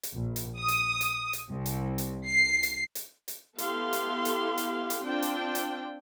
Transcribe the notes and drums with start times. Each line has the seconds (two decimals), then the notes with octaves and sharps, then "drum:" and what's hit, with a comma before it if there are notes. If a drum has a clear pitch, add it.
0.03 drum: hi-hat
0.13 A#1
0.36 drum: hi-hat
0.58 D#6
0.68 drum: hi-hat
1.01 drum: hi-hat
1.33 drum: hi-hat
1.49 C2
1.66 drum: hi-hat
1.98 drum: hi-hat
2.27 C7
2.63 drum: hi-hat
2.95 drum: hi-hat
3.28 drum: hi-hat
3.58 B3 E4 G4 A4 F5 C6, drum: hi-hat
3.93 drum: hi-hat
4.25 drum: hi-hat
4.58 drum: hi-hat
4.90 drum: hi-hat
5.02 C4 D4 F4 G5
5.22 drum: hi-hat
5.55 drum: hi-hat